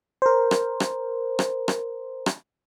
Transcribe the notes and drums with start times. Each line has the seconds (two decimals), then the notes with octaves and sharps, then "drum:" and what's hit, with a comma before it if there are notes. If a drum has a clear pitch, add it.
0.22 A#4 C5
0.51 drum: rim click
0.80 drum: rim click
1.39 drum: rim click
1.68 drum: rim click
2.26 drum: rim click